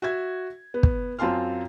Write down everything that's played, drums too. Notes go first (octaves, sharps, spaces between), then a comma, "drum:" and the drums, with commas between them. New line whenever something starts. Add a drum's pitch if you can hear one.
F#4 E5 G#6
B3
drum: kick
F#2 C4 F4 A5 C6 F6